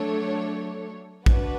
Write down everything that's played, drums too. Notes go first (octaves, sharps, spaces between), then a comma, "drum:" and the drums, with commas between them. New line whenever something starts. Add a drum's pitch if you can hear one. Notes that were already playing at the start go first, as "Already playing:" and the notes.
Already playing: F#3 A3 D4 A4 C#5
D3 A3 D4 F#4 B4, drum: kick